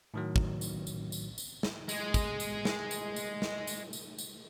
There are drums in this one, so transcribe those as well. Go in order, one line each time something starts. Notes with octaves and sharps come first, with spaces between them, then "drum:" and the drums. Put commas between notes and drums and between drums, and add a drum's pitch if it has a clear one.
A2 D#3 F#3
drum: kick
drum: tambourine
drum: tambourine
drum: tambourine
drum: tambourine
drum: snare
G#3 G#4, drum: tambourine
drum: kick, tambourine
drum: tambourine
drum: snare
drum: tambourine
drum: tambourine
drum: snare
drum: tambourine
drum: tambourine
drum: tambourine